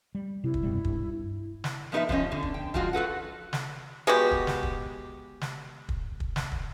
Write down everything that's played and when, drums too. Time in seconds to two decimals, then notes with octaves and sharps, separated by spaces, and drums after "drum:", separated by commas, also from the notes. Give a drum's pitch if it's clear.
0.15 G3
0.44 C3 E4
0.54 drum: kick
0.63 F#2 B2 G3
0.84 G2, drum: kick
1.64 drum: snare
1.92 F3 B3 D#4 A#4 B4 E5
2.09 F3 G3 C#4 D#5, drum: kick
2.32 D3
2.43 drum: kick
2.54 G5
2.74 F3 G3 G#3 F4 F#4, drum: kick
2.93 F#4 A4 B4 F#5
3.53 drum: snare
4.07 G#3 B3 F#4 G4
4.31 drum: kick
4.47 drum: snare
4.63 drum: kick
5.41 drum: snare
5.89 drum: kick
6.20 drum: kick
6.36 drum: snare
6.52 drum: kick